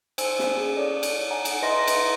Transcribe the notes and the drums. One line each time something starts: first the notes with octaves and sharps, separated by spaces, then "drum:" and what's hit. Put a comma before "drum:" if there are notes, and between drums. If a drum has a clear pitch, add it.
C5 G#5 E6, drum: cymbal
drum: snare
C#4 G#4
A4 C#5 D5
drum: cymbal
F#5 G#5 A#5
drum: cymbal
B4 D#5 E5 A#5 C6 A#6
drum: cymbal